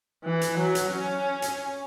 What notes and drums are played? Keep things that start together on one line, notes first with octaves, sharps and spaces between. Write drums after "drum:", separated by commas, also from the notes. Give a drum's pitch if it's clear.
E3
drum: hi-hat
F#3
drum: hi-hat
C#4
drum: hi-hat